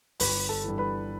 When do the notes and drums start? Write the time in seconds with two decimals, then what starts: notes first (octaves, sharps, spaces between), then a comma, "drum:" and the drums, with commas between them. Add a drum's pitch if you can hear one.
0.20 G1 B4 B5, drum: open hi-hat
0.49 A4 A5
0.64 G2 E3
0.78 B4 B5